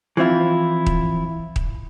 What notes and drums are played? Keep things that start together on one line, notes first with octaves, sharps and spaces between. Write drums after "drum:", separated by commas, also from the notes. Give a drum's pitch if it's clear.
E3 F3 C4 E4 F4
drum: kick D#1
drum: kick D#1